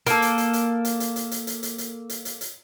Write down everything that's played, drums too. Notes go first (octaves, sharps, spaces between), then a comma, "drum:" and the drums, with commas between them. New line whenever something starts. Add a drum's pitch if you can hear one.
A#3 A4, drum: hi-hat
drum: hi-hat
drum: hi-hat
drum: hi-hat
drum: hi-hat
drum: hi-hat
drum: hi-hat
drum: hi-hat
drum: hi-hat
drum: hi-hat
drum: hi-hat
drum: hi-hat
drum: hi-hat
drum: hi-hat